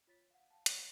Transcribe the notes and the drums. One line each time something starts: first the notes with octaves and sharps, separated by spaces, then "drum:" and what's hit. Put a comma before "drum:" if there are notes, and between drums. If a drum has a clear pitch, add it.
F4 C#5 A6 B6
F5 F#5
F5 G5 A5
C#5 D#5 F5 G5 B5 C#6, drum: hi-hat